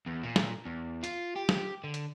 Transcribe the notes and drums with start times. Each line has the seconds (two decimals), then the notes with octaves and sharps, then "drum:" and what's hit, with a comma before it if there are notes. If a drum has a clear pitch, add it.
0.06 E2
0.23 A#2
0.36 drum: snare
0.66 E2
1.04 F4, drum: hi-hat
1.36 G4
1.49 drum: snare
1.84 D3
1.94 drum: hi-hat